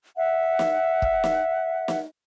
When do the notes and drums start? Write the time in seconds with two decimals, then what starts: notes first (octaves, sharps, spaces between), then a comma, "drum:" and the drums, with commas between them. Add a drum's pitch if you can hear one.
0.16 E5 F#5
0.59 drum: snare
1.02 drum: kick
1.24 drum: snare
1.88 drum: snare